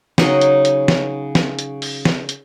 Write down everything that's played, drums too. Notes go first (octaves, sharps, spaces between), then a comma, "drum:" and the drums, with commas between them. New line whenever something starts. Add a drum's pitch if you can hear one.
C#3 F#3 D#4 D#5, drum: snare
drum: hi-hat
drum: hi-hat
drum: snare
drum: snare
drum: hi-hat
drum: open hi-hat
drum: snare
drum: hi-hat